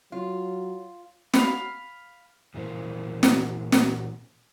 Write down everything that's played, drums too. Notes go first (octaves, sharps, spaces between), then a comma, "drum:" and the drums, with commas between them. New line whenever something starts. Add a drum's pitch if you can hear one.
F#3 F4
F5 B5, drum: snare
A#2 E3 C#4 A#4 C5 F5
drum: snare
drum: snare